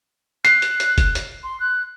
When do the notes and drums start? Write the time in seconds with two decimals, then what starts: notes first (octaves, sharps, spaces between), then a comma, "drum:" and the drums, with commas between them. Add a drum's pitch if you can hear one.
0.45 F#6 C7, drum: hi-hat
0.62 drum: hi-hat
0.80 drum: hi-hat
0.98 drum: kick F#1, hi-hat
1.15 drum: hi-hat
1.44 C6
1.60 F#6